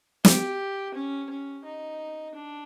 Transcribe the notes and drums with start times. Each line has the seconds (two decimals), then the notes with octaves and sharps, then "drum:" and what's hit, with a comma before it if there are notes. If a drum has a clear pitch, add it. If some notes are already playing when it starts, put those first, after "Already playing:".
0.25 G4, drum: snare
0.94 C#4
1.30 C#4
1.65 D#4
2.35 D4